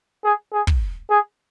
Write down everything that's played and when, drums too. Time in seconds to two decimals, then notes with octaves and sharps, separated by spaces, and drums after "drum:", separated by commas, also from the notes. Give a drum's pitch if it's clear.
0.24 G#4
0.53 G#4
0.67 drum: kick
1.10 G#4